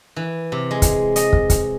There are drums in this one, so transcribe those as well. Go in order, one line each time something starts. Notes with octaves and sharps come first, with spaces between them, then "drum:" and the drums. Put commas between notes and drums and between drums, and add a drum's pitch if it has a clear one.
E3
C3
G#3
drum: kick, hi-hat
D#5, drum: hi-hat
drum: kick
drum: kick, hi-hat